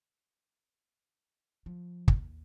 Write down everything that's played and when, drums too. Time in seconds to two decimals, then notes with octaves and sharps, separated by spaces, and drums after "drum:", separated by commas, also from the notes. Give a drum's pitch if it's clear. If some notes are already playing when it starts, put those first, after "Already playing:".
1.66 F3
2.08 D#2, drum: kick